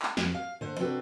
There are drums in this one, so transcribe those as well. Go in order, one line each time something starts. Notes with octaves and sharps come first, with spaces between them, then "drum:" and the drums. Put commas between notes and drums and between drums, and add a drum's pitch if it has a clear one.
drum: clap
F2 F#4, drum: snare
F5
D3 C5 F#5
C3 C4 D4 F#4 A4 B4